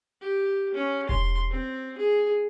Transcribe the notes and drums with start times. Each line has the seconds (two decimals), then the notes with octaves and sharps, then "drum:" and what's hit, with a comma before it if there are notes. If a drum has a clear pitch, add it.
0.21 G4
0.74 C#4
1.09 C6, drum: kick E1
1.51 C4
1.98 G#4